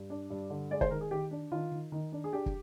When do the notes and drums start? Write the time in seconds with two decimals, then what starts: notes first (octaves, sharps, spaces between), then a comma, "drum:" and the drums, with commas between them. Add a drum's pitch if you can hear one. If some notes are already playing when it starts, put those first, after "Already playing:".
Already playing: G2
0.10 D4
0.30 G2
0.50 D3
0.71 G#3 D5
0.81 C5, drum: kick
0.91 D#3 A#4
1.01 G#4
1.11 D#3 G4
1.31 D4
1.52 D#3 F4
1.72 D#3
1.92 D#3
2.12 D4
2.24 G#4
2.32 D4 G4
2.46 drum: kick